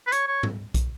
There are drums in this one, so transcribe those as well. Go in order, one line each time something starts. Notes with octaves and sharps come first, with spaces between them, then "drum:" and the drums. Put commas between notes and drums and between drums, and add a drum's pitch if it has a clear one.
B4
C#5, drum: hi-hat
C#5
drum: tom G#2
drum: kick B1, hi-hat